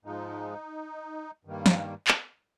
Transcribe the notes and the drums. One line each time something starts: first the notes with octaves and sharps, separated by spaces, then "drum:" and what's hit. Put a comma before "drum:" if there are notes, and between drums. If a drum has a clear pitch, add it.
G#2 F3 G#3 D#4
G2 D#3 G3 A#3
drum: snare
drum: clap